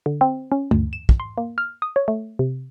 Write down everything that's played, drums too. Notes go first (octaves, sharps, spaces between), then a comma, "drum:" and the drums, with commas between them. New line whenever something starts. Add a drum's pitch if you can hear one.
D3
C4
C#4
D2, drum: tom G2
E7
drum: kick
C6
A#3
F6
D#6
C#5
A3
C3